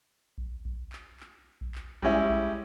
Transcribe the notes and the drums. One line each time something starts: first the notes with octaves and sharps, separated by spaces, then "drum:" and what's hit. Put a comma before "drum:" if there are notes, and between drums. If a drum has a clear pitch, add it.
drum: kick A#1
drum: kick A#1
drum: clap
drum: clap
drum: kick A#1
drum: clap
G3 G#3 C#4 E4, drum: kick A#1
drum: kick A#1